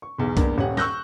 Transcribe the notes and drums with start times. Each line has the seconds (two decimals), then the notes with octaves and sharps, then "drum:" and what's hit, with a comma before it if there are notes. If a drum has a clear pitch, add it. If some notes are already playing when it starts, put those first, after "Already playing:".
0.02 C#6
0.18 B1 E2
0.37 E2 G2 A#3, drum: kick, hi-hat
0.58 D#1 C#4 G4 C#5 F#5
0.77 C#6 E6 F#6 G6 A#6, drum: snare